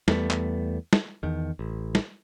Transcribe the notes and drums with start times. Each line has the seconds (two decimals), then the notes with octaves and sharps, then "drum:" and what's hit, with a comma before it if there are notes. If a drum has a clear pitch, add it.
0.08 E2 G3 A3 B3, drum: snare
0.30 drum: clap
0.93 drum: snare
1.23 E2 D#3
1.59 A1
1.95 drum: snare